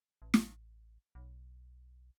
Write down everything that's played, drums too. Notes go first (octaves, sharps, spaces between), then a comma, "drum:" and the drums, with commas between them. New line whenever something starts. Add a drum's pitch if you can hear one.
A1
drum: snare
B1